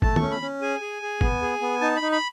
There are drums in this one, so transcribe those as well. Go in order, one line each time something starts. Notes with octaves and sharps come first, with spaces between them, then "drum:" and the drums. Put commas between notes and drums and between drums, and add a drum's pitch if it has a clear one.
A3 A5, drum: kick
C#6, drum: tom
C#4
B5
C#4
G#4 G#5
G#4
G#4
B3, drum: kick
G#4
B3
D#4 A5
B5
D#4
B5